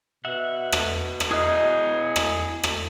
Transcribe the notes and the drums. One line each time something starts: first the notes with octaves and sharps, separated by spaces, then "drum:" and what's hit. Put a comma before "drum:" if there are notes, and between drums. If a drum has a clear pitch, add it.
B2 E5 F#5
drum: rim click
drum: rim click
E4 G#4 D#5 D#6 F#6
drum: rim click
drum: rim click